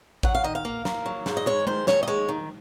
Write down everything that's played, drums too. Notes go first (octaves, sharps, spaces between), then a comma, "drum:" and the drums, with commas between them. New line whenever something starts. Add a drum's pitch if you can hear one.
F#3 F#5, drum: kick A1
F5
D#3 D#5
F5
A#3
A#3, drum: snare
F#3
G#2, drum: snare
D#5
G#3 C#5
D#3 C5, drum: tom G#3
D#2 C#5, drum: snare
D#5
G#3 C#5
D#3